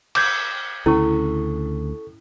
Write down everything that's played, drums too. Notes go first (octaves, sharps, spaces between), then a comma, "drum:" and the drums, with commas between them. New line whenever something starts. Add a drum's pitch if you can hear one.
D6 G6 G#6, drum: cymbal
D2 C#3 C#4 E4 A4 C#6